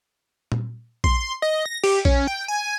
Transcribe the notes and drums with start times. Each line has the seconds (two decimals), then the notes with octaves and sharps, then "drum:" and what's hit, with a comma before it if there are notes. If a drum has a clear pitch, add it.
0.52 drum: tom A#2
1.04 C6, drum: kick A#1
1.42 D#5
1.66 A#6
1.84 G4, drum: cymbal
2.05 C#4, drum: kick A#1
2.27 G5
2.48 G#5